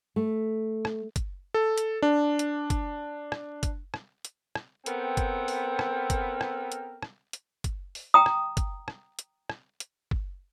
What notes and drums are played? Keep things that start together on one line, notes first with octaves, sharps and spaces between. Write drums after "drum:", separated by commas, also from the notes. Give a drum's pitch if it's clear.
A3
drum: rim click
drum: kick, hi-hat
A4
drum: hi-hat
D4
drum: hi-hat
drum: kick, hi-hat
drum: rim click
drum: kick, hi-hat
drum: rim click
drum: hi-hat
drum: rim click
B3 C4 A4 A#4 G5, drum: hi-hat
drum: kick, hi-hat
drum: open hi-hat
drum: rim click
drum: kick, hi-hat
drum: rim click
drum: hi-hat
drum: rim click
drum: hi-hat
drum: kick, hi-hat
drum: open hi-hat
G5 A#5 D#6
drum: rim click
drum: kick, hi-hat
drum: rim click
drum: hi-hat
drum: rim click
drum: hi-hat
drum: kick